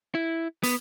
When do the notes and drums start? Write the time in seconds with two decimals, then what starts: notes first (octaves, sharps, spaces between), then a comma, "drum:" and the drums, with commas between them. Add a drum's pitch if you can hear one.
0.15 E4
0.63 B3, drum: hi-hat